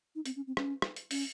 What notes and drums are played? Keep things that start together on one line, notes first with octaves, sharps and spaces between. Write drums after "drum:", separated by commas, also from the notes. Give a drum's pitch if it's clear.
D#4
C4, drum: hi-hat
C#4
C4
C#4, drum: rim click
drum: rim click
drum: hi-hat
C#4, drum: open hi-hat